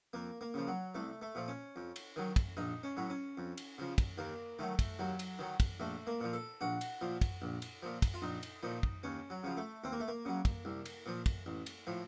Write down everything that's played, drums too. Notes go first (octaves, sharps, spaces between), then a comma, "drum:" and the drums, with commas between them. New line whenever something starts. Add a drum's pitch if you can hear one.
F2 A#3
A#3
C#3 F3
F#3
C2 A3
A3
A#2 F3
C#4
F2
drum: cymbal
D#3 F#3
drum: kick, cymbal
A#1 D#4
C#4
A2 F#3
C#4
F2
drum: cymbal
C#3 F3
drum: kick, cymbal
D#2 A#3
D#3 F#3 A3
drum: kick, cymbal
D#2 F#3
drum: cymbal
D#3 F#3
drum: kick, cymbal
A#1 A3
A#3
A#2 F3
A4
A#1 F#4
drum: cymbal
A#2 F3
drum: kick, cymbal
A#1
drum: cymbal
A#2 F3
drum: kick, cymbal
F4
A#1 D#4
drum: cymbal
A#2 F3 D#4
drum: kick
D#2 C#4
F#3
C#3 F3
A3
D#2 C4
A#3
A3
A#3
C#3 F#3
drum: kick, cymbal
C2
drum: cymbal
A#2 F3
drum: kick, cymbal
A1
drum: cymbal
A2 F3